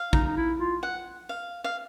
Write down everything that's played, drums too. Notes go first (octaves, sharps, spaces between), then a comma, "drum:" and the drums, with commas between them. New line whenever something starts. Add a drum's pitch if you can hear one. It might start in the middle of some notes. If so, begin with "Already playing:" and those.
Already playing: F5
D#4, drum: kick
D#4
E4
F4
F#5
F5
F5